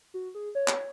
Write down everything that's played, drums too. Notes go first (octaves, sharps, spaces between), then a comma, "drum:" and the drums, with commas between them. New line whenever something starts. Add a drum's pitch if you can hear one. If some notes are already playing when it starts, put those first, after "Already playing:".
F#4
G#4
C#5
drum: clap